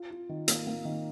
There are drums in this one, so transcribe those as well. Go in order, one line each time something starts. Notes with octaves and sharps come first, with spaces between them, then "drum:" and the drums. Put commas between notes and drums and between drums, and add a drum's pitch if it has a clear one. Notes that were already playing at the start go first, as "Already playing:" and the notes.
Already playing: F4
F4
D#3
A#3, drum: hi-hat
A#3
D#3